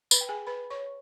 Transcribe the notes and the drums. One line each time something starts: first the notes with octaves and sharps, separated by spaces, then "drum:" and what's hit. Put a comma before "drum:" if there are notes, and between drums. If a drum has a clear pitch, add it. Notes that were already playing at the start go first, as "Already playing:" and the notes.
B4 B5, drum: tambourine
G5
G#4 G#5
B4 B5
C#5 C#6